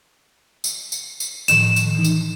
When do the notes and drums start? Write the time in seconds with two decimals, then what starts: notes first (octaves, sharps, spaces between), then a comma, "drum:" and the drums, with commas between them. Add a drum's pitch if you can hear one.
0.64 drum: tambourine
0.92 drum: tambourine
1.20 drum: tambourine
1.48 A2 D#3 F3 E7, drum: tambourine
1.76 drum: tambourine
1.95 E3 D#4
2.04 drum: tambourine